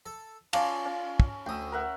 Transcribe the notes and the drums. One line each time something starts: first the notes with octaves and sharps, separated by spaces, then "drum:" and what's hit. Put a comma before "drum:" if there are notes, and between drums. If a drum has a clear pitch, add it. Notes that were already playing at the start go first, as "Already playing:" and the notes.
A4
C#4 F4 D5 A5, drum: cymbal
C#4
drum: kick
D2 G5 D#6 E6
A#4 E5 F#5